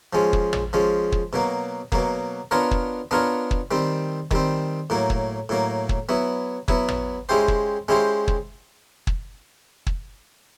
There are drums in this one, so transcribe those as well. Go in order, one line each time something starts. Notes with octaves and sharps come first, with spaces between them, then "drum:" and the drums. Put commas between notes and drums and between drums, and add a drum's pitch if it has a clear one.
F3 G#3 C#4
drum: kick
drum: tom
F3 G#3 C#4
drum: kick
B2 F#3 A#3
B2 F#3 A#3, drum: kick
B3 D4 F4 A#4 C#5
drum: kick
B3 D4 F4 A#4 C#5
drum: kick
D#3 G3 C4
D#3 G3 C4, drum: kick
A2 F#3 A#3
drum: kick
A2 F#3 A#3
drum: kick
F#3 B3 E4
F#3 B3 E4, drum: kick
drum: tom
G#3 C#4 E4 G4 C5
drum: kick
G#3 C#4 E4 G4 C5
drum: kick
drum: kick
drum: kick